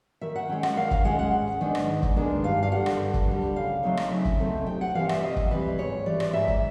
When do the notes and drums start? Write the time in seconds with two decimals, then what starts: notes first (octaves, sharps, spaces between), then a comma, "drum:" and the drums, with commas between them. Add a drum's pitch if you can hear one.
0.21 D#3 E5
0.36 F#5
0.49 G#3 C#4 G5
0.63 F#5, drum: rim click
0.77 D#3 F5
0.91 F5, drum: kick
1.05 G#3 C#4 F#5
1.19 F#5
1.33 G#2
1.61 D#3 G#3 B3 D4
1.75 drum: rim click
1.89 G#2
2.03 drum: kick
2.16 D#3 G#3 B3 D4
2.44 G2 F5
2.63 F5
2.72 D3 G3 F#5
2.86 drum: rim click
2.99 G2
3.14 drum: kick
3.28 D3 G3
3.56 C#3 F5
3.83 F#3 A3 C4 D#4
3.97 drum: rim click
4.11 C#3 E5
4.25 drum: kick
4.40 F#3 A3 C4 D#4
4.66 C3 G5
4.81 F#5
4.95 E3 G3 C4 F5
5.09 E5, drum: rim click
5.23 C3 D#5
5.36 drum: kick
5.50 E3 G3 C4 B4
5.78 G#2 C#5
6.06 E3 G3 D5
6.20 drum: rim click
6.33 G#2 E5
6.48 drum: kick